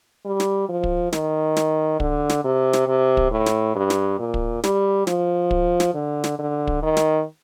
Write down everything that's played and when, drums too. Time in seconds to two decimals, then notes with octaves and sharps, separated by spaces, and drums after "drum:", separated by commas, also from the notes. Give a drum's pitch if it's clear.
0.25 G3
0.40 drum: snare
0.69 F3
0.84 drum: kick
1.13 D#3, drum: snare
1.57 drum: snare
2.00 D3, drum: kick
2.29 drum: snare
2.44 C3
2.73 drum: snare
2.88 C3
3.17 drum: kick
3.31 A2
3.46 drum: snare
3.75 G2
3.90 drum: snare
4.19 A#2
4.34 drum: kick
4.64 G3, drum: snare
5.07 F3, drum: snare
5.51 drum: kick
5.80 drum: snare
5.94 D3
6.24 drum: snare
6.39 D3
6.67 drum: kick
6.82 D#3
6.97 drum: snare